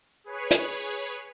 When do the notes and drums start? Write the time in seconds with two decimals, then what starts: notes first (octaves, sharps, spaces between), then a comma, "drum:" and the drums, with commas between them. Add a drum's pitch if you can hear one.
0.24 G#4 B4 C#5
0.51 drum: hi-hat